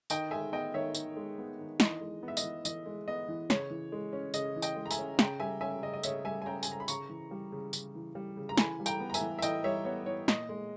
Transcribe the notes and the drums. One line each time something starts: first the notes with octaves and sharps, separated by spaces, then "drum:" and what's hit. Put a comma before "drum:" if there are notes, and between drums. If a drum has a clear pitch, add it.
D#3 D#5 G5, drum: tambourine
G#3 E5 G#5
B3 D#5 G5
D#3 C#5 E5
D#3, drum: tambourine
G#3
B3
D#3
E3 D#5, drum: snare
G#3
B3
E5
D#5, drum: tambourine
E3
E3 D#5, drum: tambourine
G#3
B3 D#5
E3
C#3 C#5, drum: snare
E3
G#3
C#4
C#3 D#5, drum: tambourine
E3
D#5 G5, drum: tambourine
G#3
A#5
E5 G#5, drum: tambourine
C#4
C#3 G5 A#5, drum: snare
G3 E5 G#5
C#4 E5 G#5
C#3 D#5
D#5
C#3 C#5 E5, drum: tambourine
G3 E5 G#5
G#5
C#4 G5 A#5
G#5, drum: tambourine
C#3 A#5
B5
C#3 A#5 C#6, drum: tambourine
E3
G3
C#3
C#3, drum: tambourine
E3
G3
C#3
A#5
E3 G#5 B5, drum: snare
G3
G5 A#5, drum: tambourine
B3
A#5
E5 G#5, drum: tambourine
E3
E5
E3 D#5 G5, drum: tambourine
G3 C#5 E5
B3 C#5
E3 C#5
A#2 D#5, drum: snare
G#3